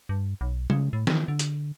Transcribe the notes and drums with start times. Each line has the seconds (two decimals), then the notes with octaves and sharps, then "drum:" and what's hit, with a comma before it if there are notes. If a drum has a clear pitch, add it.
0.09 G2
0.41 B1
0.70 C#3, drum: tom G3
0.93 A2
1.07 D#3, drum: snare
1.28 D3
1.39 drum: hi-hat